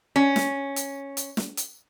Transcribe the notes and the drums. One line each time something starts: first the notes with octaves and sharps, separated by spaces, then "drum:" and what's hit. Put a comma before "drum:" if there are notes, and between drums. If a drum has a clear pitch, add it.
C#4
drum: snare
drum: hi-hat
drum: hi-hat
drum: snare
drum: hi-hat